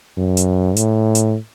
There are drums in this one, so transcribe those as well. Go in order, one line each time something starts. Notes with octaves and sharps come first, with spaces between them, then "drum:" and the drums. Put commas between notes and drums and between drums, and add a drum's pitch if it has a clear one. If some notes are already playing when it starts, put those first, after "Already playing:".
F#2
drum: hi-hat
A2, drum: hi-hat
drum: hi-hat